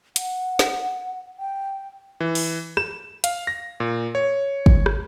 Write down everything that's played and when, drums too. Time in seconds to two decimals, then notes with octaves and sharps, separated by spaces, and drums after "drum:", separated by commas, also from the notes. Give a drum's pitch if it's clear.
0.16 F#5, drum: hi-hat
0.59 drum: snare
1.39 G5
2.20 E3
2.35 drum: open hi-hat
2.77 E7, drum: rim click
3.24 F5, drum: hi-hat
3.47 A#6
3.80 A#2
4.15 C#5
4.66 drum: kick
4.86 drum: rim click